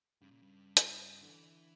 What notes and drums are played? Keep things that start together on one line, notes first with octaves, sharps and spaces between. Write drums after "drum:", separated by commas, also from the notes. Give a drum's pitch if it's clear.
G2 C#3
A#2
G2
drum: hi-hat
D3 E3